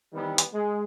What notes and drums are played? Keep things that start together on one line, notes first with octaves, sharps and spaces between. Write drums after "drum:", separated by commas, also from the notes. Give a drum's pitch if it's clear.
C3 D#3 E3 G3 B3
drum: hi-hat
G#3